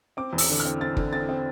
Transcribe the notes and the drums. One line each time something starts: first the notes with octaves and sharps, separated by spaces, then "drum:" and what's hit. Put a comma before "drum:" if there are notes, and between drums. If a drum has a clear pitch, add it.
C4 D6
E2
E6, drum: open hi-hat
D3
F6
C4
C4 A6
D3, drum: kick
C4 A6
C4